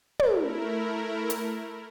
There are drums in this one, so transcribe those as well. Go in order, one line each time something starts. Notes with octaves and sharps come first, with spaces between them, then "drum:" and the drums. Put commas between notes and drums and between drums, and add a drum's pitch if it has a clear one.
A3 E4 A#4, drum: tom
drum: hi-hat